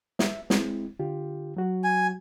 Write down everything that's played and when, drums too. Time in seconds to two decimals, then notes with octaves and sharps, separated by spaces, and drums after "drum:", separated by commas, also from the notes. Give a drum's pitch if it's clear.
0.19 E5, drum: snare
0.50 G#3 C4 E4, drum: snare
0.99 D3 F4 G4
1.57 F#3 F#4
1.84 G#5